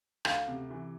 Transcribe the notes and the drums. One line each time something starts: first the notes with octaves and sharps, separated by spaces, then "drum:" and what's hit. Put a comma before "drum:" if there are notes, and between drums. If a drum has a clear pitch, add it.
D2 F5, drum: rim click
C3
E3